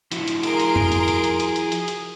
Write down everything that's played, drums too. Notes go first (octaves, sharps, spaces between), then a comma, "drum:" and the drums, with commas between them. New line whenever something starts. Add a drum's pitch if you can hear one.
F3 E4 F#4, drum: hi-hat
drum: hi-hat
G#4 A#4 C6 D7, drum: hi-hat
drum: hi-hat
drum: tom F2
drum: hi-hat
drum: hi-hat
drum: hi-hat
drum: hi-hat
drum: hi-hat
drum: hi-hat
drum: hi-hat